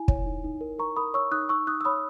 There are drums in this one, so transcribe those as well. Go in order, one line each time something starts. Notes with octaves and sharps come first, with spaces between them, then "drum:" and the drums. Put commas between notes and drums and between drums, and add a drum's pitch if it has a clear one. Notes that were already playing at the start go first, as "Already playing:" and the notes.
Already playing: E4 G#5
C#5, drum: kick
D#4
D#4
A#4
A#4 A#5 C#6
A#4 B5 D#6
C#5 C#6 E6
D#4 D#6 F#6
D#4 C#6 E6
D#4 D#6 F#6
E6
C#5 B5 D#6